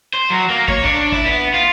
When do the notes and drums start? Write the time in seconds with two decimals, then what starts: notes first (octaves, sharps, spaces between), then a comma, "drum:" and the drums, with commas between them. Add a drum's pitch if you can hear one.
0.14 C5
0.30 F#3
0.50 A#3
0.68 C#5, drum: kick
0.84 D4, drum: tom
1.12 E4, drum: kick
1.26 B3
1.54 F4